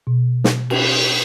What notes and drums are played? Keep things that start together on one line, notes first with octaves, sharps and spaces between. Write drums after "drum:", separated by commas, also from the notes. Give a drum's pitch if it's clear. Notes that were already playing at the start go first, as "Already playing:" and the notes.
B2
drum: snare
drum: cymbal